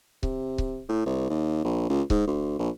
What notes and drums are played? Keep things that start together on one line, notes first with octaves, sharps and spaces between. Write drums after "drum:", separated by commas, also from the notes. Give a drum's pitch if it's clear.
C3, drum: kick C#1
drum: kick C#1
A2
C2
D#2
A#1
C#2
G#2, drum: kick C#1
D2
A#1